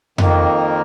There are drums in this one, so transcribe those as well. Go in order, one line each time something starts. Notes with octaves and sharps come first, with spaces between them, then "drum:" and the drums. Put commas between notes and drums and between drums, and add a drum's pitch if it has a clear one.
F2 D#3 A#3, drum: tom F2